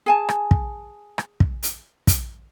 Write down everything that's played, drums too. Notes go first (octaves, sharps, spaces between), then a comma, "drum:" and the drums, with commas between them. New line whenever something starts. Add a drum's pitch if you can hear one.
G#4 G#5 A5
drum: rim click
drum: kick
drum: rim click
drum: kick
drum: hi-hat
drum: kick, hi-hat